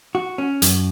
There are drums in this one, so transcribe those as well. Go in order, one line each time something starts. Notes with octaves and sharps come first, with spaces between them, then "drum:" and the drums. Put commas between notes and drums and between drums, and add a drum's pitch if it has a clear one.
F#4
C#4
F#2, drum: hi-hat